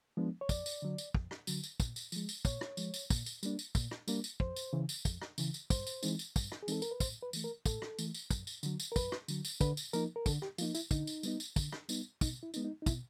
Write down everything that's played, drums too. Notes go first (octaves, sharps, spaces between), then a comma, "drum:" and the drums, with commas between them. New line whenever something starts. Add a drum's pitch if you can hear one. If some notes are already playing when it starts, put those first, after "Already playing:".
F3 G#3 B3 D4
C#5
F2 D5, drum: kick, tambourine
drum: tambourine
D3 F#3
drum: tambourine
F2, drum: kick
drum: rim click
D3 F#3, drum: tambourine
drum: tambourine
A#2, drum: kick, tambourine
drum: tambourine
F3 G#3, drum: tambourine
drum: tambourine
A#2 C#5, drum: kick, tambourine
drum: rim click
F3 G#3, drum: tambourine
drum: tambourine
A#2, drum: kick, tambourine
drum: tambourine
G3 A#3 D4, drum: tambourine
drum: tambourine
A#2, drum: kick, tambourine
drum: rim click
G3 A#3 D4, drum: tambourine
drum: tambourine
F2 C5, drum: kick
drum: tambourine
C#3 E3
drum: tambourine
F2, drum: kick, tambourine
drum: rim click
C#3 E3, drum: tambourine
drum: tambourine
G2 C5, drum: kick, tambourine
drum: tambourine
E3 G#3 C4 D#4, drum: tambourine
drum: tambourine
G2, drum: kick, tambourine
drum: rim click
G#4
E3 G#3 C4 D#4 A4, drum: tambourine
A#4, drum: tambourine
B4
A2 C5, drum: kick, tambourine
B4
E3 A3, drum: tambourine
A#4
A2 A4, drum: kick, tambourine
drum: rim click
E3 A3, drum: tambourine
drum: tambourine
F#2, drum: kick, tambourine
drum: tambourine
D3 F#3, drum: tambourine
drum: tambourine
A#4
F#2 B4, drum: kick, tambourine
drum: rim click
D3 F#3, drum: tambourine
drum: tambourine
D3 B4, drum: kick, tambourine
drum: tambourine
F3 A#3 D#4 A#4, drum: tambourine
A#4
D3 A4, drum: kick, tambourine
G4, drum: rim click
F3 A#3 D#4 F4, drum: tambourine
E4, drum: tambourine
D3 D#4, drum: kick, tambourine
drum: tambourine
G3 B3 D#4, drum: tambourine
drum: tambourine
D3, drum: kick, tambourine
drum: rim click
G3 B3 D#4, drum: tambourine
B2 D#4, drum: kick, tambourine
E4
D#4, drum: tambourine
G#3 B3
D#4
D#4
B2 E4, drum: kick, tambourine